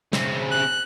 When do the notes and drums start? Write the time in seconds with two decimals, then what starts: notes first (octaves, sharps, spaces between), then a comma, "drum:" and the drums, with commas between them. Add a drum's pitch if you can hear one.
0.13 C#3 C4, drum: snare
0.51 F#6